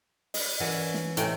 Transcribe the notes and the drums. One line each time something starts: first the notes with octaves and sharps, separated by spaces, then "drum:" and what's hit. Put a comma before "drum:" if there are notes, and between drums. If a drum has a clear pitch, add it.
D4 D#5, drum: open hi-hat
E3 C#4 A#4 D5 F#5
drum: snare
A2 C3 A4 D#5 G5 G#5, drum: hi-hat